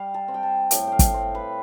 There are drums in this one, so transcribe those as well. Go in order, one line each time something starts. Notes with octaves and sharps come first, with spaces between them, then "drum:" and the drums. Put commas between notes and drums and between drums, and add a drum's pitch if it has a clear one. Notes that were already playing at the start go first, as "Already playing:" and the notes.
Already playing: G3 F5
A5
C4
G5
A5
A2 G5, drum: hi-hat
F5 G5
drum: kick, hi-hat
C4
B4